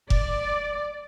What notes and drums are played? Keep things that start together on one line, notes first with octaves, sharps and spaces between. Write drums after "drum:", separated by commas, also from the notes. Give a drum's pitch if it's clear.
D5, drum: kick F1